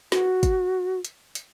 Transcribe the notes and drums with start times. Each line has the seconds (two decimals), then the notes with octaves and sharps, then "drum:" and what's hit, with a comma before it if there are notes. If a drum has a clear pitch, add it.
0.12 F#4, drum: snare
0.43 drum: kick, hi-hat
1.05 drum: hi-hat
1.35 drum: hi-hat